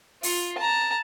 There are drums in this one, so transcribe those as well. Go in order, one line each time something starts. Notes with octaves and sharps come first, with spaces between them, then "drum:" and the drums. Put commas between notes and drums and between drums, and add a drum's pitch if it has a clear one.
F4, drum: open hi-hat
A5 A#5